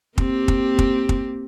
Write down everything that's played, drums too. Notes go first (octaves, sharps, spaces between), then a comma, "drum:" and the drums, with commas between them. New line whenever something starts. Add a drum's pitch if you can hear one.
A#3 C4 G4, drum: kick
drum: kick
drum: kick
drum: kick